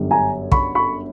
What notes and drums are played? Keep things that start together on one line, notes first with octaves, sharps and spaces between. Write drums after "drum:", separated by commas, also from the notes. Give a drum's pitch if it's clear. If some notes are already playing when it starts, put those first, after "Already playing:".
Already playing: G1 F#2 D3 G3
G#5 A#5
B5 C#6, drum: kick
B5 C#6